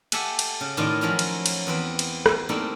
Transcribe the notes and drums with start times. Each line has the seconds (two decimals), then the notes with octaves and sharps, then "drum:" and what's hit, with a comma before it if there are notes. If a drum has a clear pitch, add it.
0.12 G4 A4 E5 F#5 G#5, drum: cymbal
0.39 drum: cymbal
0.61 C#3
0.77 A2 D#3 F4 D5 D#5
1.01 F3 F#3 C#4 E4 A#4
1.19 drum: cymbal
1.46 drum: cymbal
1.67 E2 C4 B4
1.99 drum: cymbal
2.26 drum: rim click
2.49 G3 A3 A#3 C4 D#4 E4